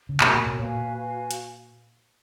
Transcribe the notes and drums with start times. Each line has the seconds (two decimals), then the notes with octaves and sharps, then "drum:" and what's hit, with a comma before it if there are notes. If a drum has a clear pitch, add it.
0.09 C#3
0.20 B2 F#4 A#4 C#5 G#5, drum: clap
0.33 A#2
0.46 B2
0.59 A#2 F#4 B4 F5 G#5
0.97 F#4 B4 F5 G#5
1.31 drum: hi-hat